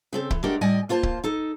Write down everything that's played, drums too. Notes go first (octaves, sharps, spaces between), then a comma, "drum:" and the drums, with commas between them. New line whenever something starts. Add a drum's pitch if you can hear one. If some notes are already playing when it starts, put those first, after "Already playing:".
C#3 C4 A4
E3, drum: kick C#1
G#3 A3 D4 F#4 G4 A#4
A2 G3 D5 D#5 G#5
A#3 F4 C5 A5
drum: kick C#1
D#4 A4